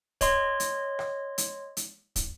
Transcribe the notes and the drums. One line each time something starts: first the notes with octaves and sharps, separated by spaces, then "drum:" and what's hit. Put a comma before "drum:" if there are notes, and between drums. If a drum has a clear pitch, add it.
C#5 D#5 C6, drum: kick, hi-hat
drum: hi-hat
drum: rim click
drum: hi-hat
drum: hi-hat
drum: kick, hi-hat